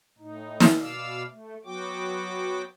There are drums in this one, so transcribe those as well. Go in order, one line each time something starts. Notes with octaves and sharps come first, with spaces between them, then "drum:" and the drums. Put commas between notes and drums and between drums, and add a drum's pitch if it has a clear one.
A2 D#4
drum: snare
B2 D5 F5 E6
A3
F#3 B3 F#4 G5 D6